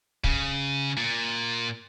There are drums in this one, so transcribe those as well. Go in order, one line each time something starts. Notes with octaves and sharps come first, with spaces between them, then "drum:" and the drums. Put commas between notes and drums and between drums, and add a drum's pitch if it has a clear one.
C#3, drum: kick
A#2